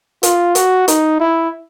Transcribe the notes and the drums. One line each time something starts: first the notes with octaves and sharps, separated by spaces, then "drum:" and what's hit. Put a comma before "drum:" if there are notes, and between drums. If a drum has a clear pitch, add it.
F4, drum: hi-hat
F#4, drum: hi-hat
D#4, drum: hi-hat
E4